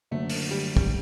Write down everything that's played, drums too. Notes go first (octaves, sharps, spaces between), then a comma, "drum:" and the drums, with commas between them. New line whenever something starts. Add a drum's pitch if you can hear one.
F#1 F#2 D3 A3
drum: open hi-hat
G3
G3, drum: kick